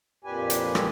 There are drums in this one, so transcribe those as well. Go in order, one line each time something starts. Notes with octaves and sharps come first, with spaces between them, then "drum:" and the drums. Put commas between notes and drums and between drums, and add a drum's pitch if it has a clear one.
F2 A#2 D4 G4 B4 G#5
drum: hi-hat
drum: rim click